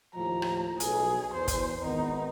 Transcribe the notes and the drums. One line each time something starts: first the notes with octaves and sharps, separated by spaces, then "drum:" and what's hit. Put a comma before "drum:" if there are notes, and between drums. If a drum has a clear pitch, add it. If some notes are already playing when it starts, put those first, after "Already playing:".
D#2 A2 F3 A#5
drum: rim click
B1 G#4, drum: hi-hat
E2 C5
drum: kick, hi-hat
G#1 D#3 B3 D#4